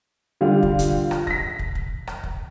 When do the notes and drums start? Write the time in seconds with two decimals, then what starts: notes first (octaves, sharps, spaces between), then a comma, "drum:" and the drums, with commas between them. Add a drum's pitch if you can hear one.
0.41 D3 G3 F4 G4
0.63 drum: kick
0.79 drum: kick, hi-hat
1.11 drum: rim click
1.27 A#6 B6, drum: kick
1.59 drum: kick
1.75 drum: kick
2.07 drum: rim click
2.24 drum: kick